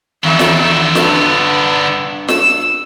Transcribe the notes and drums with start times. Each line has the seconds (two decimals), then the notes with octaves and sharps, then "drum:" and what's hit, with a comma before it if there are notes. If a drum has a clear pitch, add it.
0.24 D#2 D3 D#4 E5
0.39 drum: snare
0.95 G2 B3, drum: snare
2.28 E6, drum: snare